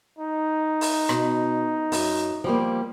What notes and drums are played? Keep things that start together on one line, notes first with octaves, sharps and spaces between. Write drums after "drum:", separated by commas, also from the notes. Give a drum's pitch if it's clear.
D#4
drum: open hi-hat
B2, drum: rim click
F#2, drum: open hi-hat
F3 G3 A#3